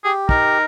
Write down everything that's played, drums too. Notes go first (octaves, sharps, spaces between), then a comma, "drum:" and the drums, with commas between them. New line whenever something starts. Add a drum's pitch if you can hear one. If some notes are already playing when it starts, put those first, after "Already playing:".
G4 G#4
D#4 A#4, drum: kick